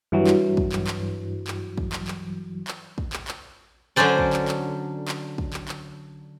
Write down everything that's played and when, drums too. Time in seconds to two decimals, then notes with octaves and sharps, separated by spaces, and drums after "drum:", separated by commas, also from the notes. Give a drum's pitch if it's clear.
0.12 G2 E3 F#3
0.27 drum: clap
0.57 drum: kick
0.72 drum: clap
0.87 drum: clap
1.47 drum: clap
1.78 drum: kick
1.93 drum: clap
2.08 drum: clap
2.68 drum: clap
2.98 drum: kick
3.13 drum: clap
3.28 drum: clap
3.96 D3 F#3 C#4 D4 C5 D5
4.18 drum: kick
4.33 drum: clap
4.48 drum: clap
5.08 drum: clap
5.38 drum: kick
5.53 drum: clap
5.68 drum: clap